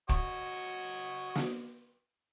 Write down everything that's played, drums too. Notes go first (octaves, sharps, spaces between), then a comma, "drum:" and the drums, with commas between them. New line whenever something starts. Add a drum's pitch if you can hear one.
F#4 C#5 D#5, drum: kick
drum: snare